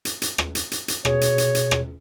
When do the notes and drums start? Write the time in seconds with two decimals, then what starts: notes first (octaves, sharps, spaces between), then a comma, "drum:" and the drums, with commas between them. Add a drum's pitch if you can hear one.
0.05 drum: hi-hat
0.22 drum: hi-hat
0.38 drum: rim click
0.55 drum: hi-hat
0.72 drum: hi-hat
0.88 drum: hi-hat
1.05 B2 G#4 C#5, drum: rim click
1.21 drum: hi-hat
1.38 drum: hi-hat
1.55 drum: hi-hat
1.71 drum: rim click